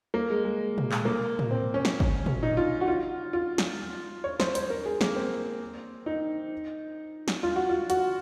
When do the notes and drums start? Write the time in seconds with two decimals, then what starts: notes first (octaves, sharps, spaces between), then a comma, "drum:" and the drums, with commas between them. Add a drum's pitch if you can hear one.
0.14 A#3
0.30 G#3
0.44 G#3
0.78 drum: tom A#2
0.92 drum: clap
1.05 A#3
1.39 drum: tom A2
1.51 C4
1.74 C#4
1.85 drum: snare
2.00 drum: kick
2.26 drum: tom A#2
2.43 D#4
2.57 F4
2.81 F#4
2.88 F4
3.33 F4
3.58 drum: snare
4.24 C#5
4.40 C5, drum: snare
4.55 C5, drum: hi-hat
4.70 A#4
4.86 G#4
5.01 A#3, drum: snare
5.15 C4
6.06 D#4
7.28 drum: snare
7.43 F4
7.56 F#4
7.69 F4
7.90 F#4, drum: hi-hat